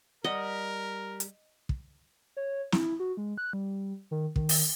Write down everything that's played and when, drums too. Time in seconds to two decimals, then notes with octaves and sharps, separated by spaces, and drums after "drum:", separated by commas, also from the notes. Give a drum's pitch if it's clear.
0.24 G3 A#4 D#5 F#5
1.20 drum: hi-hat
1.69 drum: kick
2.37 C#5
2.72 E4, drum: snare
3.00 F#4
3.17 G#3
3.38 F#6
3.53 G3
4.11 D#3
4.36 D#3, drum: kick
4.49 drum: open hi-hat